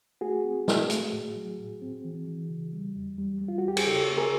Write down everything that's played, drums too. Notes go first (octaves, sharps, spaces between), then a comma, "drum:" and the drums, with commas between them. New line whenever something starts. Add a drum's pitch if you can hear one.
A3 F#4 G#4
C4
A3, drum: snare
A3, drum: hi-hat
A2
F#3
A2
C4
E3
E3
C#3
G3
E2
G3
G3
F4
F#4
E2 G4
G#4, drum: cymbal
C#3 G4 A4
A#3
G#4 A#4